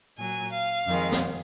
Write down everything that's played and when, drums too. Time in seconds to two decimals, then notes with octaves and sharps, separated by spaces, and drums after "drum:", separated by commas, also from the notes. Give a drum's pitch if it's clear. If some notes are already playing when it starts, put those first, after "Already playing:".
0.18 A#2 F#3 G#5
0.52 F5
0.87 F2 D#3 G#3
1.12 drum: snare